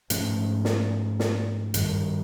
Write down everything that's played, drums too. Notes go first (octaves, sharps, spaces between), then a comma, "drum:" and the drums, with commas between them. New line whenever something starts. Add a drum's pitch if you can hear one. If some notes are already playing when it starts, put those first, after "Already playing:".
G#2 F3 A3 C#4, drum: hi-hat
drum: snare
drum: snare
G2 D#3 G3, drum: hi-hat